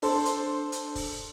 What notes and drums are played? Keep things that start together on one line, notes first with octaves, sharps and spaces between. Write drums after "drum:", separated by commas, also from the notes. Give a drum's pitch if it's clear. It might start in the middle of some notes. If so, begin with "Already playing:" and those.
D4 A4 C5 C6, drum: open hi-hat
drum: hi-hat
drum: hi-hat
drum: kick, open hi-hat